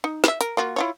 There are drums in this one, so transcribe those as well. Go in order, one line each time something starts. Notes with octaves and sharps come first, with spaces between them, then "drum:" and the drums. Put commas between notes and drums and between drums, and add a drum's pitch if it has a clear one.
D#4
B4 E5, drum: snare
A#4, drum: hi-hat
A#3 F4 F#4
E4 F4 C#5